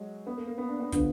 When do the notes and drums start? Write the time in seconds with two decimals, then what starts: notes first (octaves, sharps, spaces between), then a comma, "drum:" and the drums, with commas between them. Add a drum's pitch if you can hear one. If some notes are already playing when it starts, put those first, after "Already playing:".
Already playing: F#3 G#3
0.26 B3
0.37 A#3
0.47 A#3
0.58 B3
0.68 D4
0.80 B3
0.92 D3 F3 B3, drum: kick, hi-hat